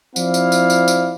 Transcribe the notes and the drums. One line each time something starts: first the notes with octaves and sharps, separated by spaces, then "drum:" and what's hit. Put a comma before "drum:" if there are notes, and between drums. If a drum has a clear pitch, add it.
F3 C4 E4 D5 F5, drum: tambourine
drum: tambourine
drum: tambourine
drum: tambourine
drum: tambourine